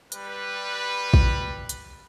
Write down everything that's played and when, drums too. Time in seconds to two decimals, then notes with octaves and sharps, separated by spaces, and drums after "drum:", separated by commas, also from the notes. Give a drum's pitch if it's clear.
0.12 G3 B4, drum: hi-hat
1.14 drum: kick
1.69 drum: hi-hat